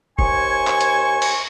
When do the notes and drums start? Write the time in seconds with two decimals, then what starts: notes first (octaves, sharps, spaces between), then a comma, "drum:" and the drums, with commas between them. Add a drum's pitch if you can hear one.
0.19 D#2 C5 G#5 C#6, drum: kick F1
0.67 drum: clap
0.81 drum: hi-hat
1.22 drum: cymbal